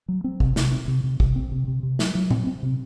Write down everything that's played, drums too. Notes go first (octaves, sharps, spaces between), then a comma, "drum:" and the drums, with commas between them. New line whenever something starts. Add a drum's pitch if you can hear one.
F#3
C4
C3, drum: kick
C3, drum: snare
C4
C3
C3
C3, drum: kick
C4
C3
C3
C3
F#3, drum: snare
F#3
C4, drum: tom
C4
C3